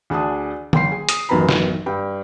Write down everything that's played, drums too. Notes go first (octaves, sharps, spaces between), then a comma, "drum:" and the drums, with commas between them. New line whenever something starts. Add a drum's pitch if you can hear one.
D2 D4 G#4 D5 A5 D#6
F#1 G5 C6 C7, drum: tom D3
G#4
D#6, drum: hi-hat
A1 F#2 D#3 B3 A#5 B5
drum: snare
G2 G5